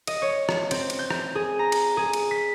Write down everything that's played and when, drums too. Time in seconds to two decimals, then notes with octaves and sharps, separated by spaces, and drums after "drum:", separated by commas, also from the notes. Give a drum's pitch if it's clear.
0.07 D#5, drum: cymbal
0.22 C#5
0.49 drum: rim click
0.71 C4, drum: cymbal
0.90 drum: cymbal
0.99 G6
1.10 drum: rim click
1.35 G#4
1.59 A#5
1.72 drum: cymbal
1.97 G#4
2.13 drum: cymbal
2.31 B6